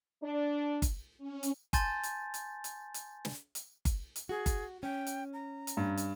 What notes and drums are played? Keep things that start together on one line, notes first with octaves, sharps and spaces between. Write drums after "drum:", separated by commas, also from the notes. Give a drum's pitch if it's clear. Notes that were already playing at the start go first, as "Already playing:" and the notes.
D4
drum: kick G1, hi-hat
C#4
drum: hi-hat
G#5 A5 C6 G6 A6, drum: kick G1, hi-hat
drum: hi-hat
drum: hi-hat
drum: hi-hat
drum: hi-hat
drum: snare
drum: hi-hat
drum: kick G1, hi-hat
drum: hi-hat
F#4 G#4
drum: kick G1, hi-hat
C#4 G5
drum: hi-hat
A#5
drum: hi-hat
G2
drum: hi-hat